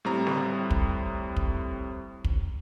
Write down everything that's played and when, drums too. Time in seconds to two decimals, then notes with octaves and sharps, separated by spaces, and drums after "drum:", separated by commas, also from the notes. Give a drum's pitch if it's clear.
0.05 A2 G3 C4 A#5
0.27 drum: snare
0.71 drum: kick
1.37 drum: kick
2.24 drum: kick